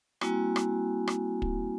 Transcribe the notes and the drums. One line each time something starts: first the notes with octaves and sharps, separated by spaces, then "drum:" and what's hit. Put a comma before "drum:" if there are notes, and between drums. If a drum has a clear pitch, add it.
G3 A#3 C4 E4 F#4 G#5, drum: rim click
drum: rim click
drum: rim click
drum: kick